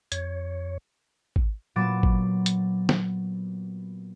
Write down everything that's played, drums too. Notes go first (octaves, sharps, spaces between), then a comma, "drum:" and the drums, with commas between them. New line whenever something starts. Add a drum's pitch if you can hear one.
F2 C#5, drum: hi-hat
drum: kick G#1
A#2 F#3 B3 D6 A6 E7
drum: kick G#1
drum: hi-hat
drum: snare